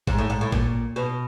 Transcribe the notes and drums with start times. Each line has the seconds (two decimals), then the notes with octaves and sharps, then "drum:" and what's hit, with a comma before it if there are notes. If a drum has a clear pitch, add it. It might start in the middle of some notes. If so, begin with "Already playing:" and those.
0.07 G#2, drum: kick A1
0.18 A2
0.30 G#2
0.41 A2
0.52 A#2, drum: kick A1
0.96 B2